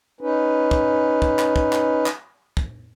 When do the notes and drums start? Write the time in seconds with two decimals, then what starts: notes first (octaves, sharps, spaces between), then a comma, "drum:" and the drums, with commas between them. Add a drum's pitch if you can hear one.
0.21 C#4 D#4 B4
0.71 drum: kick
1.22 drum: kick
1.39 drum: clap
1.56 drum: kick
1.73 drum: clap
2.06 drum: clap
2.57 drum: kick